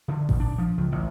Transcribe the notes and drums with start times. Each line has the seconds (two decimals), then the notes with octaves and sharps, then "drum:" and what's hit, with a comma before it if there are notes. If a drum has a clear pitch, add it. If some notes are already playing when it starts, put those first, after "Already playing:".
0.08 D3
0.29 A#2, drum: kick A1
0.40 D4
0.58 F3
0.78 C#2
0.92 A1